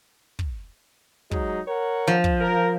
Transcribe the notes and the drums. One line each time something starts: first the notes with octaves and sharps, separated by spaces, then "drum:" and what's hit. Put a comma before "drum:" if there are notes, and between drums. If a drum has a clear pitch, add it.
drum: kick
F#3 G#3 D#4, drum: kick
A#4 C#5 F#5
F3
drum: kick
A#4